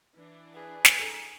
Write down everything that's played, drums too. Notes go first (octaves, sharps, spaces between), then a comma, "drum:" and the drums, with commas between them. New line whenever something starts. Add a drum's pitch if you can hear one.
E3 D4
G#4 B4
drum: snare
A4 A#5